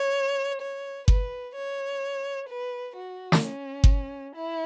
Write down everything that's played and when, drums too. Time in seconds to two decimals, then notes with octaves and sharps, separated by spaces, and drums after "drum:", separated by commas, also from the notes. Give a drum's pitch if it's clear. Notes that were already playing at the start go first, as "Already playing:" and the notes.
Already playing: C#5
0.62 C#5
1.08 B4, drum: kick G1
1.55 C#5
2.49 B4
2.95 F#4
3.32 drum: snare
3.42 C#4
3.84 drum: kick G1
4.35 E4